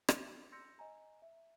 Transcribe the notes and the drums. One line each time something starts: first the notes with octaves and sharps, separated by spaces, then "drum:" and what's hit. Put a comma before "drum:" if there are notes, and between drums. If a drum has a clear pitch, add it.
drum: rim click
C6 E6 G6 A#6 C#7
D#5 G#5 A#5
E5